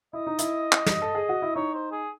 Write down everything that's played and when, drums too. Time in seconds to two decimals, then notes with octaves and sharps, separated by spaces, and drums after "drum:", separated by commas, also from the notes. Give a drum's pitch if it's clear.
0.13 E4 D#5
0.27 D#4
0.39 E4, drum: hi-hat
0.72 drum: clap
0.86 drum: snare
1.02 A4
1.15 G#4
1.29 F#4
1.42 E4
1.56 D#4 C#5
1.74 C5
1.92 G#4